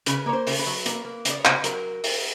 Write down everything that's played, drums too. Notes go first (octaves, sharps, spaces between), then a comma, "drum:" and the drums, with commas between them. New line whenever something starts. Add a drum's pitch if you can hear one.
C#3 B4, drum: hi-hat
A#3 C#5
C5
C#3, drum: open hi-hat
B4
F#3
A#3, drum: hi-hat
A#3
C#3 D5, drum: hi-hat
C#5
C#3 C5, drum: clap
B4
F#3 A#4, drum: hi-hat
drum: open hi-hat